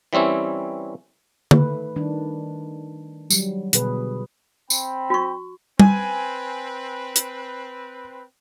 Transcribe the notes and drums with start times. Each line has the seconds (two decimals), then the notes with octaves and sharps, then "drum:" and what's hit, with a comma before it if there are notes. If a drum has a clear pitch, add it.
0.13 E3 G3 C4 C#4 E4
1.51 D#3 A3 B4, drum: tom D3
1.96 D#3 G3 D4
3.30 F#3 G3, drum: tambourine
3.73 B2 D3 G#4 B4, drum: hi-hat
4.70 C4 G5 B5, drum: tambourine
5.10 F#4 C#6
5.80 C4 B4 G#5, drum: tom G3
7.16 drum: hi-hat